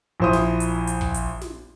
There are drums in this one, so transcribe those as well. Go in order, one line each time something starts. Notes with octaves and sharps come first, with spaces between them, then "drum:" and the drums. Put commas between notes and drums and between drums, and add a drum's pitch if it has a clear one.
A#1 E4 C5 E5 D#6
drum: snare
drum: hi-hat
drum: hi-hat
drum: kick
drum: hi-hat
drum: snare